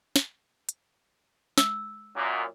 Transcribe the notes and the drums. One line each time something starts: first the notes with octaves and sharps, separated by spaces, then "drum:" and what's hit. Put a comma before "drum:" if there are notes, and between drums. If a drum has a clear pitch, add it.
drum: snare
drum: hi-hat
E6, drum: snare
F#2 A#2